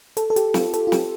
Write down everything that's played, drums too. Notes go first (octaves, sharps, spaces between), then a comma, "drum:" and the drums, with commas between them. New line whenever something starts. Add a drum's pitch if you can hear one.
A4, drum: hi-hat
A4
G4, drum: hi-hat
F4, drum: snare
A4, drum: hi-hat
F4
G4, drum: snare